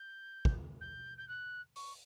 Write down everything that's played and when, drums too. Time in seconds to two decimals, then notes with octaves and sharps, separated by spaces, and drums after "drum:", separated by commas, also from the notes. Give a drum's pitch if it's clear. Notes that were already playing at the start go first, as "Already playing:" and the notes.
Already playing: G6
0.45 drum: kick
0.81 G6
1.18 G6
1.28 F#6
1.76 C#6, drum: open hi-hat